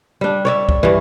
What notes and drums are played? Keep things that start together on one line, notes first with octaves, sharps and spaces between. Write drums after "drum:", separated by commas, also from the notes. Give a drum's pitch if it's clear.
G3 D4
C#5 D5 E5
drum: kick
G2 E3